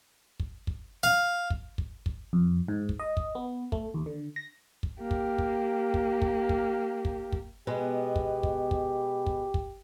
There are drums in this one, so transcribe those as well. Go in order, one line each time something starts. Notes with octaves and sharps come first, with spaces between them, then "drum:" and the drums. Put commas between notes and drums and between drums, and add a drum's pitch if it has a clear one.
drum: kick
drum: kick
F5
drum: kick
drum: kick
drum: kick
F2
G#2
drum: kick
D#5
drum: kick
B3
A3, drum: kick
D#2
D3
A#6
drum: kick
A#3 G4
drum: kick
drum: kick
drum: kick
drum: kick
drum: kick
drum: kick
drum: kick
B2 G#3 B3 G4
drum: kick
drum: kick
drum: kick
drum: kick
drum: kick